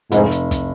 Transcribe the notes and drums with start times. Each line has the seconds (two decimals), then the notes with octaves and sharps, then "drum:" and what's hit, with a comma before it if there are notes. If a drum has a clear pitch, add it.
0.12 F1 G#2, drum: hi-hat
0.31 drum: hi-hat
0.51 drum: kick, hi-hat